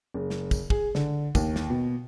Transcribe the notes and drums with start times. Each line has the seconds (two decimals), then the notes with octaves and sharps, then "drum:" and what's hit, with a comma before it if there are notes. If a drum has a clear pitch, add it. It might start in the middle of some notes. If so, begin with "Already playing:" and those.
0.14 F#1
0.30 drum: snare
0.51 drum: kick, tambourine
0.70 G#4, drum: kick
0.95 D3, drum: snare
1.35 D#2, drum: kick, tambourine
1.56 drum: snare
1.70 B2